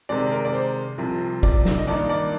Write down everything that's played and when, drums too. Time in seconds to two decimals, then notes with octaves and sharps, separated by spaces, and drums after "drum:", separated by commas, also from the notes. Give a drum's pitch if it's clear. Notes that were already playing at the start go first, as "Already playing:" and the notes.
0.09 C3 D#3 G#3 D5
0.31 A#4
0.45 D5
0.53 C5
0.98 C2 C3 F3
1.43 D5, drum: kick
1.65 drum: snare
1.78 D#5
1.87 G2 D#3 A#3 D#4 D5
2.09 D5